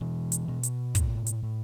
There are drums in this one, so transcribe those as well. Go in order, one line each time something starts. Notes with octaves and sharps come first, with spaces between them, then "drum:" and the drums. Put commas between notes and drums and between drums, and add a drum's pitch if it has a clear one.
B2 E3
drum: hi-hat
B2
drum: hi-hat
A2, drum: kick, hi-hat
drum: hi-hat
A2